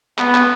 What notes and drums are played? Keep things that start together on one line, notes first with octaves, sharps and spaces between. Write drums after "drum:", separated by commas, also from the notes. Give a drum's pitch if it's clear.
B3, drum: clap
drum: clap